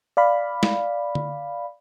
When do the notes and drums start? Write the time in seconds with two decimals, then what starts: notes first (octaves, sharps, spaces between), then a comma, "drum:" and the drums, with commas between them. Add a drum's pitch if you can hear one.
0.17 D5 F5 B5
0.63 drum: snare
1.15 drum: tom D3